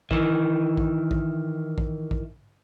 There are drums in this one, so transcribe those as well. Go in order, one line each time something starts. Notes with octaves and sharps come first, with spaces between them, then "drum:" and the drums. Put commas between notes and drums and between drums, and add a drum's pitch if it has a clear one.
D#3 E3, drum: kick A#1
drum: kick A#1
drum: kick A#1
drum: kick A#1
drum: kick A#1